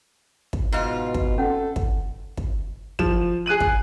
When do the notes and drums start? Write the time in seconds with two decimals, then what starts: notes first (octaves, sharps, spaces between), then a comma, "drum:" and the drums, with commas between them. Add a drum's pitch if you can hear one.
0.53 drum: kick
0.72 G#2 B2 F4
1.14 drum: kick
1.38 C#4 A4 F#5
1.76 drum: kick
2.37 drum: kick
2.99 F3 E7, drum: kick
3.46 G#4 F#6 D#7 F#7
3.60 drum: kick